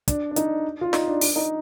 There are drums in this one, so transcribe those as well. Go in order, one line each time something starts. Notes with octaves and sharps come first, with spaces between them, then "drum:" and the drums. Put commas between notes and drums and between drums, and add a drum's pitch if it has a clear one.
D4, drum: kick, hi-hat
D4
D#4, drum: hi-hat
F4
D#4, drum: snare
D4
D4, drum: open hi-hat
D#4